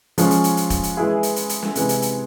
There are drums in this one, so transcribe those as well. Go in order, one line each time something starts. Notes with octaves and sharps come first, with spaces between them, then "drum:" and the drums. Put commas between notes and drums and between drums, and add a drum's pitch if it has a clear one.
F3 G#3 C#4, drum: hi-hat
drum: hi-hat
drum: hi-hat
drum: hi-hat
drum: kick, hi-hat
drum: hi-hat
E3 G#3 E4 G#4
drum: hi-hat
drum: hi-hat
drum: hi-hat
drum: snare
C3 E3 G#3, drum: hi-hat
drum: hi-hat
drum: hi-hat